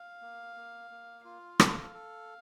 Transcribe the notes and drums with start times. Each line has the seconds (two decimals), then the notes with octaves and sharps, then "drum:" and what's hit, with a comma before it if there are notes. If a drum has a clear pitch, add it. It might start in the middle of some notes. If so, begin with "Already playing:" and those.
Already playing: F5
0.22 A#3
0.56 A#3
0.91 A#3
1.24 F4 F5
1.60 A4, drum: rim click
1.94 A4